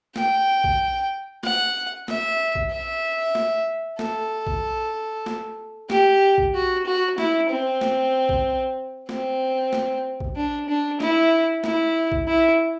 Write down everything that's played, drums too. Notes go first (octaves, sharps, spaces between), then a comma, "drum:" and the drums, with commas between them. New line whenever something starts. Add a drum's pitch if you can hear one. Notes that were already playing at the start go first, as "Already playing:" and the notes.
G5, drum: snare
drum: kick A#1
F#5, drum: snare
E5, drum: snare
drum: kick A#1
E5
drum: snare
A4, drum: snare
drum: kick A#1
drum: snare
G4, drum: snare
drum: kick A#1
F#4
F#4
E4, drum: snare
C4
drum: snare
drum: kick A#1
C4, drum: snare
drum: snare
drum: kick A#1
D4
D4
E4, drum: snare
E4, drum: snare
drum: kick A#1
E4